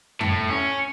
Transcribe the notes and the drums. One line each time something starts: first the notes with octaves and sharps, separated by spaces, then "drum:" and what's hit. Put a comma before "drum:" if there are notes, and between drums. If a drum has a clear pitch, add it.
A2, drum: tom F2
C#4